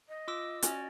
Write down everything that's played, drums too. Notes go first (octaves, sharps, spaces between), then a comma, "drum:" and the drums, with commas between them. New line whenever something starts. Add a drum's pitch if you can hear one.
D#5
F4 D6 E6
C#4 F#4 D5, drum: hi-hat